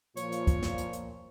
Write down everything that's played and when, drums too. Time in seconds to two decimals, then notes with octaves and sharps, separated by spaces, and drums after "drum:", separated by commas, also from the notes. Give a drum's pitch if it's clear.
0.17 A#2 F3 C#5, drum: hi-hat
0.32 drum: hi-hat
0.47 drum: kick, hi-hat
0.63 drum: snare
0.78 drum: hi-hat
0.93 drum: hi-hat